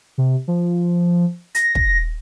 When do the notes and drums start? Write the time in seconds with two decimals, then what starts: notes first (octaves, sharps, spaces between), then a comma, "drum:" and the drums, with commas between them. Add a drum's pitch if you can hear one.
0.18 C3
0.48 F3
1.55 A#6, drum: hi-hat
1.75 drum: kick